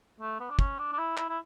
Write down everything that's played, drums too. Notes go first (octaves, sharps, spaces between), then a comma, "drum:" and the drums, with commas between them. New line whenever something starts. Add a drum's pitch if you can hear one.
A3
B3
D4
C#4, drum: kick
D4
D4
E4
E4, drum: clap
E4